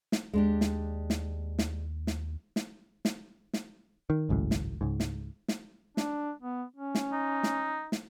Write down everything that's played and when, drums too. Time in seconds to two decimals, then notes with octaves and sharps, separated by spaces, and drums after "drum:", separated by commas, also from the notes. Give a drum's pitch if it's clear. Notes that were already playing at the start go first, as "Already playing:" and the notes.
0.12 drum: snare
0.33 D#2 G#3 D4 G4
0.61 drum: snare
1.10 drum: snare
1.59 drum: snare
2.07 drum: snare
2.56 drum: snare
3.05 drum: snare
3.53 drum: snare
4.10 D#3
4.29 G#1 C#2 F#2 A2
4.51 drum: snare
4.81 C#2 G#2
5.00 drum: snare
5.48 drum: snare
5.97 D4, drum: snare
6.42 B3
6.76 C#4
6.95 drum: snare
7.12 D#4
7.43 drum: snare
7.92 drum: snare